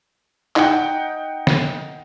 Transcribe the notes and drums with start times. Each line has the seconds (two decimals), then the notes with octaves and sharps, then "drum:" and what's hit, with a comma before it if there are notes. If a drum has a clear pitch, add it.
0.56 D#4 F#5 G5, drum: clap
1.47 drum: snare